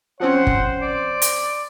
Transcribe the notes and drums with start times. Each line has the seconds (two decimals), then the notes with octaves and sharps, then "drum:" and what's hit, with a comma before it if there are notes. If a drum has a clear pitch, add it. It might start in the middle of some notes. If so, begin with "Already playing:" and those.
0.20 F3 C4 C#4 C5 F#5
0.47 drum: kick
0.81 D5
1.22 drum: hi-hat